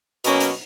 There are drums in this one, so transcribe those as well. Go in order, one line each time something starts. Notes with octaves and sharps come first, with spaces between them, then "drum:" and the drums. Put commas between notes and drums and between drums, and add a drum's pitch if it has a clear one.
B2 F#3 A#3 C#4, drum: hi-hat
drum: hi-hat